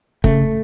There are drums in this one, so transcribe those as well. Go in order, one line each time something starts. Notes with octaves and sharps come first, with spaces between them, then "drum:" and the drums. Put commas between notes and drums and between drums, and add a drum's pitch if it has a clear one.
C#3 A3, drum: kick